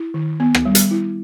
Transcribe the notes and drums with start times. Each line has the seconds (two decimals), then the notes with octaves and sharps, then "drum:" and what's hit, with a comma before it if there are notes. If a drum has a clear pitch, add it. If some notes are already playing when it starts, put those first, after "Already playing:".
Already playing: E4
0.14 D#3
0.40 B3
0.55 drum: rim click
0.66 G3
0.75 drum: hi-hat
0.91 E4